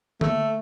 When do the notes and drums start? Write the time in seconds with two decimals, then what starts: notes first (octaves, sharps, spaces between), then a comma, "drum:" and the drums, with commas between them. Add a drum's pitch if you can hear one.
0.21 A3, drum: tom D3